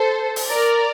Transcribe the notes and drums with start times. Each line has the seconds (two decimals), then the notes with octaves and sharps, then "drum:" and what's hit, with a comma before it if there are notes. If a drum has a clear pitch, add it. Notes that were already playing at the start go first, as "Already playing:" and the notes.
Already playing: A4 C5
0.36 drum: open hi-hat
0.48 A#4 D5